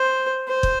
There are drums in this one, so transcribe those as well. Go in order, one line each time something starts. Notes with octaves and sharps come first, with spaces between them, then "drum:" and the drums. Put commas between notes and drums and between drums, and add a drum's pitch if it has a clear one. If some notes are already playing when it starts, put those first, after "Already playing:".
Already playing: C5
C5
drum: kick